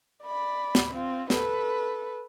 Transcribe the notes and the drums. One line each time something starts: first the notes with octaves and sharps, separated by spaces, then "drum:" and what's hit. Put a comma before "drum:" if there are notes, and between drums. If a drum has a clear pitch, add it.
D5 B5
drum: snare
C4 F4
A4 B4, drum: snare